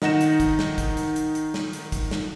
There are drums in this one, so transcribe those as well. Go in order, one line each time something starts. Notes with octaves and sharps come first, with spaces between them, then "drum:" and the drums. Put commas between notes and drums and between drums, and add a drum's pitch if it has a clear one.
D#3 D#4 F#5 A#6 E7, drum: snare
drum: hi-hat
drum: kick, hi-hat
drum: snare
drum: kick, hi-hat
drum: hi-hat
drum: hi-hat
drum: hi-hat
drum: snare
drum: hi-hat
drum: kick, hi-hat
drum: snare